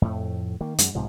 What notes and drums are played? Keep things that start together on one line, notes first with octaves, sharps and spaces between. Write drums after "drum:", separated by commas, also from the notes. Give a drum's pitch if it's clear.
F2 A2 A3
D#3 A#3
F#2 G#3, drum: hi-hat
B1 G#2 C3 F3